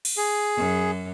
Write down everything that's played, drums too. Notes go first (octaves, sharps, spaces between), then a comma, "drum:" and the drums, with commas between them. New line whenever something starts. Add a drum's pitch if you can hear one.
drum: cymbal
G#4
F#2